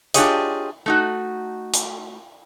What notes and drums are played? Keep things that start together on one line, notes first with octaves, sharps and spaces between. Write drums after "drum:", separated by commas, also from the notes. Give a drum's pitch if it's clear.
D4 F4 G4 G#4 C#5 D#5, drum: hi-hat
A3 D#4 F#4
drum: hi-hat